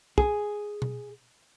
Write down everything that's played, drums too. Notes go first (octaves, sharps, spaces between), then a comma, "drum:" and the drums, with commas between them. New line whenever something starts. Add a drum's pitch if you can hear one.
G#4, drum: kick
drum: tom B2